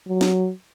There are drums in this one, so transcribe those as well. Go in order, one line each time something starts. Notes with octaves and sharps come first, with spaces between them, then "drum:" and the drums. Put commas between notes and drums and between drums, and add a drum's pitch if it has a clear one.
F#3
drum: snare